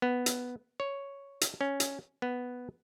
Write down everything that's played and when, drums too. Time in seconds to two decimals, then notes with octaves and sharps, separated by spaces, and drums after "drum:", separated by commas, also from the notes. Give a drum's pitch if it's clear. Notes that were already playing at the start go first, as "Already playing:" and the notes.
0.02 B3
0.26 drum: hi-hat
0.80 C#5
1.41 drum: hi-hat
1.61 C#4
1.80 drum: hi-hat
2.22 B3